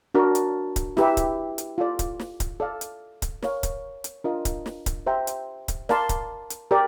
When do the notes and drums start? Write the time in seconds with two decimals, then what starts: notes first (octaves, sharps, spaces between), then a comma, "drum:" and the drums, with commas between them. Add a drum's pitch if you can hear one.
0.14 D4 F#4 A#4
0.35 drum: hi-hat
0.76 drum: kick D1, hi-hat
0.97 E4 G4 B4 E5, drum: snare
1.17 drum: kick D1, hi-hat
1.58 drum: hi-hat
1.78 F4 A4 D5
1.99 drum: kick D1, hi-hat
2.19 drum: snare
2.40 drum: kick D1, hi-hat
2.60 A4 D5 F5
2.81 drum: hi-hat
3.22 drum: kick D1, hi-hat
3.42 A#4 C#5 F5, drum: snare
3.63 drum: kick D1, hi-hat
4.04 drum: hi-hat
4.24 D4 F4 A#4 D#5
4.45 drum: kick D1, hi-hat
4.66 drum: snare
4.86 drum: kick D1, hi-hat
5.07 G4 C5 E5 G5 A#5
5.27 drum: hi-hat
5.68 drum: kick D1, hi-hat
5.89 A#4 D5 F5 A5 C6, drum: snare
6.09 drum: kick D1, hi-hat
6.50 drum: hi-hat
6.71 G4 A#4 D5